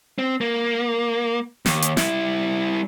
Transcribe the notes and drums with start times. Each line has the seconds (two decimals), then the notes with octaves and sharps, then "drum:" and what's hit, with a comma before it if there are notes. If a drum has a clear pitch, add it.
0.19 C4
0.41 A#3
1.66 D#2, drum: snare
1.82 drum: hi-hat
1.97 G3 E4, drum: snare